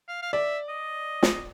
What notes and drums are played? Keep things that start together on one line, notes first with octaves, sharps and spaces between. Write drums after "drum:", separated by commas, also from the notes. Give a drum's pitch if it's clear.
F5
F5
D5 E5
D#5
drum: snare